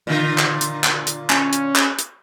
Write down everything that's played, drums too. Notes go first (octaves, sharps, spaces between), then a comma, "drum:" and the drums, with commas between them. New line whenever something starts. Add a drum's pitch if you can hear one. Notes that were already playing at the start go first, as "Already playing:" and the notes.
A#2 D3 F4
drum: clap
drum: hi-hat
drum: clap
drum: hi-hat
C#4, drum: clap
drum: hi-hat
drum: clap
drum: hi-hat